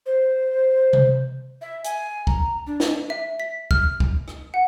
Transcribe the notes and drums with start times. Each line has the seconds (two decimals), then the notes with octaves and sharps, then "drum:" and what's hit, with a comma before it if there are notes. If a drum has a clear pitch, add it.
0.06 C5
0.93 drum: tom C3
1.62 E5
1.84 G#5, drum: hi-hat
2.27 A#5, drum: kick
2.67 D4
2.80 drum: snare
3.10 E5
3.40 B6
3.71 F6, drum: kick
4.00 drum: kick
4.28 drum: rim click
4.54 F#5